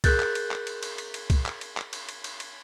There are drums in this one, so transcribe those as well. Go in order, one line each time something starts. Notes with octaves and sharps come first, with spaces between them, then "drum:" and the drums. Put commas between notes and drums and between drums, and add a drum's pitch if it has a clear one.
G#4 A#4 F#6 G6 A6, drum: kick, cymbal
drum: clap
drum: cymbal
drum: clap
drum: cymbal
drum: cymbal
drum: cymbal
drum: cymbal
drum: kick, cymbal
drum: clap
drum: cymbal
drum: clap
drum: cymbal
drum: cymbal
drum: cymbal
drum: cymbal